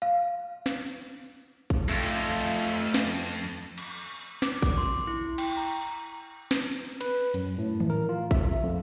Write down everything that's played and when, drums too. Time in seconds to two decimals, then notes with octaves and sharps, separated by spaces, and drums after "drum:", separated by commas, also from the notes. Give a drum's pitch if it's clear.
0.02 F5
0.66 drum: snare
1.70 drum: kick A1
1.89 F2 A3 F4
2.03 drum: cymbal
2.94 drum: snare
3.78 drum: cymbal
4.42 D6, drum: snare
4.62 D6, drum: kick A1
4.78 C6
5.07 E4
5.38 G5, drum: cymbal
5.57 A#5
6.51 drum: snare
7.01 B4, drum: cymbal
7.34 F#2, drum: hi-hat
7.58 A2
7.80 drum: tom D#3
7.90 A#4
8.09 F4
8.31 E5, drum: kick A1
8.63 F2